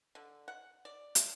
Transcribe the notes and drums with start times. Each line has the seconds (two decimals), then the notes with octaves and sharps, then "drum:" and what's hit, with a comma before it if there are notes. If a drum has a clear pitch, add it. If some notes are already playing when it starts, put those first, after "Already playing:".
0.15 D3
0.48 F#5
0.85 D5
1.15 drum: hi-hat